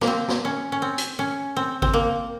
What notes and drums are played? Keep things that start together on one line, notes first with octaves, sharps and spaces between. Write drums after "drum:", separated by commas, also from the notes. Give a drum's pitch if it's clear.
A#3, drum: snare
C4
drum: snare
C#4
C#4
C4
drum: hi-hat
C#4
C4
C4, drum: kick G#1
A#3